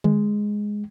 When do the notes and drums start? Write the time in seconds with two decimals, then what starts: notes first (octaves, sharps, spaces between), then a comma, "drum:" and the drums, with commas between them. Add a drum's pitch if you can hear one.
0.04 G#3, drum: tom D3